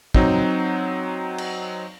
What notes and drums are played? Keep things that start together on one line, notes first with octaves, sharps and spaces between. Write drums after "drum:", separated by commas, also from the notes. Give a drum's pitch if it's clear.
F#3 C4 D#4, drum: kick
drum: cymbal